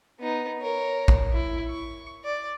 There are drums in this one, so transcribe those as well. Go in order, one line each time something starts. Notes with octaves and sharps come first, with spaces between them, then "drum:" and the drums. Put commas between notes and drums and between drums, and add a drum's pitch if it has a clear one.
B3 D#4
A#4 C#5
drum: kick A1
E4
C#6
D5